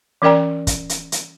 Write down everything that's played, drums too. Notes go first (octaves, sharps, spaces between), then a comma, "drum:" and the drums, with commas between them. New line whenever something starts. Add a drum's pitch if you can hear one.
E3 C#4 A#4 D5 G5 A#5
drum: kick, hi-hat
drum: hi-hat
drum: hi-hat